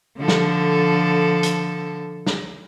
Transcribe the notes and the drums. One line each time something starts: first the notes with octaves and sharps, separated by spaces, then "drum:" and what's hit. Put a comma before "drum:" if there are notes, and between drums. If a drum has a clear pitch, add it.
D3 F3 A4
drum: snare
drum: hi-hat
drum: snare